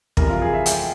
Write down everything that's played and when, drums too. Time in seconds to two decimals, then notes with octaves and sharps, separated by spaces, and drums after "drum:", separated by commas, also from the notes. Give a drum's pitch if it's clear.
0.17 F2 C3 E3 G3 A#4, drum: kick
0.29 F4
0.42 G#4
0.54 E5
0.66 G5, drum: hi-hat